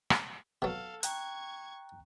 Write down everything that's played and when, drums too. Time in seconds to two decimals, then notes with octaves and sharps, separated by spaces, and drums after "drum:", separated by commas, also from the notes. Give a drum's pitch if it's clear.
0.10 drum: rim click
0.62 B2 F#3 A4 F5
1.03 G5 A#5 C#6 F#6 G#6, drum: hi-hat